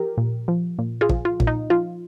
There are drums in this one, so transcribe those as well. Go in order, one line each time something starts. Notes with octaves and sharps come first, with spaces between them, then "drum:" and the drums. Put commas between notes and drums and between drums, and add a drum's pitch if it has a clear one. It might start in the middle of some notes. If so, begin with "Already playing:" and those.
Already playing: F3 G4 A#4
A#2
F3
A#2
F4 G#4
F3, drum: kick
F4
A#2, drum: kick
D#4
F3 F4